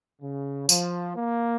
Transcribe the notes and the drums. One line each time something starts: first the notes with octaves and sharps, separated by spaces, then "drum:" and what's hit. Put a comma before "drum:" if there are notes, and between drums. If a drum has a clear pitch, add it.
C#3
F3, drum: tambourine
A#3